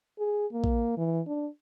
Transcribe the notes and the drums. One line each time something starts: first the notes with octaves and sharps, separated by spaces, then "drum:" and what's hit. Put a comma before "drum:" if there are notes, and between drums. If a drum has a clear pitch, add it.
G#4
A#3
drum: kick
E3
D4